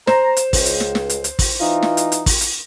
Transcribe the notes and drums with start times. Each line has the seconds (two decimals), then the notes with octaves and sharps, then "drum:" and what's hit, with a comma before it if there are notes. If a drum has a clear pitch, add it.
0.07 C5 A#5, drum: snare
0.37 drum: hi-hat
0.53 C#2, drum: kick, open hi-hat
0.66 drum: hi-hat
0.80 drum: snare
0.95 drum: snare
1.10 drum: hi-hat
1.24 drum: hi-hat
1.39 drum: kick, open hi-hat
1.61 E3 D#4 F4
1.82 drum: snare
1.97 drum: hi-hat
2.12 drum: hi-hat
2.26 drum: kick, open hi-hat
2.41 drum: hi-hat